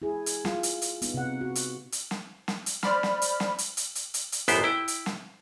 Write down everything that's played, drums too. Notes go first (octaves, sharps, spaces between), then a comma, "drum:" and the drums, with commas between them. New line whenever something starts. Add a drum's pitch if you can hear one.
E4 G#4
drum: hi-hat
F4, drum: snare
drum: hi-hat
drum: hi-hat
B3 D#4, drum: hi-hat
C3 F#5
F#4
drum: hi-hat
drum: hi-hat
drum: snare
drum: snare
drum: hi-hat
C5 D5 B5 F6, drum: snare
drum: snare
drum: hi-hat
drum: snare
drum: hi-hat
drum: hi-hat
drum: hi-hat
drum: hi-hat
drum: hi-hat
A1 F#2 B3 G4 C5, drum: hi-hat
E4 G5
drum: hi-hat
drum: snare